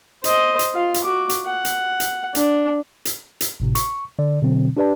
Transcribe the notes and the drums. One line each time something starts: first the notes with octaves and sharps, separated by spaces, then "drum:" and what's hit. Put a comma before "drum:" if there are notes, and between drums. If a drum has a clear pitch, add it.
C5 D#5, drum: hi-hat
drum: hi-hat
F4 F5
drum: hi-hat
F#4 D6
drum: hi-hat
F#5
drum: hi-hat
drum: hi-hat
D4, drum: hi-hat
drum: hi-hat
drum: hi-hat
G#1 A2 C3
C#6, drum: hi-hat
D3 D5
B2 D3 F#3 C4
D4 G4 B4 D5 A5